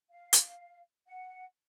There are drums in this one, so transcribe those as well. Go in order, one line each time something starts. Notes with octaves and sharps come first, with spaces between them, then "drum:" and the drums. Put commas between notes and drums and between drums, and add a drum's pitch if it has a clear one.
F5
drum: hi-hat
F#5